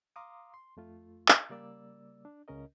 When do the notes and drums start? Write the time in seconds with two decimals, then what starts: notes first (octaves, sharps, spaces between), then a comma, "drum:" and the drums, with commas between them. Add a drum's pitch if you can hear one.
0.16 F5 A#5 C6 D6 D#6
0.54 C6
0.77 F2 A3 F4
1.28 drum: clap
1.50 C#3 G3 A#3 D5 E6
2.25 D4
2.48 C#2 C#3 C#4 A#4 D#5